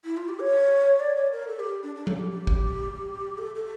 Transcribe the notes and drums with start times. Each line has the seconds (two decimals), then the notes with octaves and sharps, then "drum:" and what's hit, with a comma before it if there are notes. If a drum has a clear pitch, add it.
0.05 E4
0.17 F4
0.28 G4
0.41 C#5
1.00 D5
1.16 C#5
1.32 A#4
1.47 A4
1.60 G4
1.83 D4
1.95 D4
2.07 A4, drum: tom F3
2.19 G4
2.31 G4
2.47 drum: kick
3.38 A4
3.55 A4